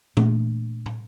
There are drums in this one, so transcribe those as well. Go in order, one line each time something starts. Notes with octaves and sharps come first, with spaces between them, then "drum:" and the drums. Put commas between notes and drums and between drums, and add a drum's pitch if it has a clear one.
A#2 A3 D4, drum: tom
drum: tom